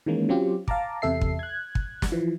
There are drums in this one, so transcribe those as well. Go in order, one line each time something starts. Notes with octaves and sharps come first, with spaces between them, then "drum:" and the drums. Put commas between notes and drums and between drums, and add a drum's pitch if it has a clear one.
D#3 E3 G#3 A#3 C#4
F#3 C4 C#4 F4 G4
F5 A5 A#5 D6, drum: kick
E2 C3 A4 E5 C7
drum: kick
F#6 G#6
drum: kick
drum: snare
E3 F3